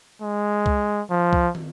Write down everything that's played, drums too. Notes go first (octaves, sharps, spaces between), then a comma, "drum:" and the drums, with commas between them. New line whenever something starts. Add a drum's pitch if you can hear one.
G#3
drum: kick C2
F3
drum: kick C2
drum: tom